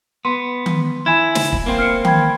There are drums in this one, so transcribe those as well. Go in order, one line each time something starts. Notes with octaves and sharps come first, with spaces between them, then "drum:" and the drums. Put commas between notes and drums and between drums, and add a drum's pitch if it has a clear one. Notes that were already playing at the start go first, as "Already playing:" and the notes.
B3 C6
drum: tom D#3
E4 G#5 G#6
drum: snare
drum: kick
A#3 C4
F6 C7 C#7
G5 B5 G#6, drum: tom D#3